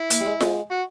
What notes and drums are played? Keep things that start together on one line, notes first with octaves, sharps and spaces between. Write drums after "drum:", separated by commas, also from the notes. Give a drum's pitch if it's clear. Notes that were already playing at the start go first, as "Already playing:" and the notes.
Already playing: E4
A#3, drum: hi-hat
G3
G#3
G#3, drum: snare F4
F#4